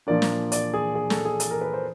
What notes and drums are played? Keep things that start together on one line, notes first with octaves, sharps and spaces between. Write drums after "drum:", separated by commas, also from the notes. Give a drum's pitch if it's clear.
A#2 F3 A#3 D4 D5
drum: snare
D5, drum: hi-hat
G#4
G#4
A4, drum: snare
G#4
A4, drum: hi-hat
A#4
B4
C5